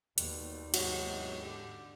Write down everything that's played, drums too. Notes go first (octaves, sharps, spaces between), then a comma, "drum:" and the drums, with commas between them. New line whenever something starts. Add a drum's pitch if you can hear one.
D#2 B2 G3 A3, drum: hi-hat
E2 G#2 C3 F#3 F#4 D#5, drum: cymbal
D3 G4